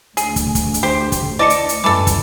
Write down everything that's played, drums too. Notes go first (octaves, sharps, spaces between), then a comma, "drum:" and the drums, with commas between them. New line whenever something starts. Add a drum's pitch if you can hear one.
D2 G#4, drum: hi-hat
drum: kick, hi-hat
drum: kick, hi-hat
drum: hi-hat
G4 C5 C7
drum: kick, hi-hat
E4 D5 D#5 A5 D6 C#7
drum: hi-hat
drum: hi-hat
F#2 E3 G3 A4 D6
drum: kick, hi-hat